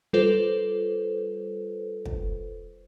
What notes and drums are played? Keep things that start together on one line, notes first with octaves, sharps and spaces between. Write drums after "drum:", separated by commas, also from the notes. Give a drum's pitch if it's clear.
G3 F4 A4 B4 C5
drum: kick